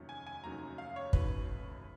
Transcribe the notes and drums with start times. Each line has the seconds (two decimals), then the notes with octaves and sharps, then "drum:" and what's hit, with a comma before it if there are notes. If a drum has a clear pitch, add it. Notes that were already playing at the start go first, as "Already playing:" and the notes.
Already playing: F1 D#2 D#3 F#3 C#4
0.09 G#5
0.26 G#5
0.44 F1 D#2 D#3 F#3 C#4 A#5
0.78 F5
0.96 C#5
1.13 F1 D#2 D#3 F#3 C#4 B4, drum: kick